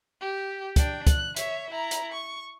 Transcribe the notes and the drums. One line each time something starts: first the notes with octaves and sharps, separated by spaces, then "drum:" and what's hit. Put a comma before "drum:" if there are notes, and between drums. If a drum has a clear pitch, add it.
G4
D4 G5, drum: kick, hi-hat
F#6, drum: kick, hi-hat
C#5 E5, drum: hi-hat
E4 A#5
drum: hi-hat
C#6